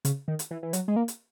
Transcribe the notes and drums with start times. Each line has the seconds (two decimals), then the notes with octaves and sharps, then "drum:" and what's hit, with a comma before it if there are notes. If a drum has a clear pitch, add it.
0.05 C#3, drum: hi-hat
0.28 D#3
0.39 drum: hi-hat
0.51 E3
0.63 E3
0.73 F#3, drum: hi-hat
0.88 G#3
0.96 A#3
1.08 drum: hi-hat